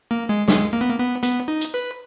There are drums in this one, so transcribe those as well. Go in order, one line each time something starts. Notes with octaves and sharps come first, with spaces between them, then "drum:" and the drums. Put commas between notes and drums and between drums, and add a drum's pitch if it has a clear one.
A#3
G#3
G#3, drum: snare
A#3
B3
A#3
B3
B3, drum: hi-hat
D#4
drum: hi-hat
B4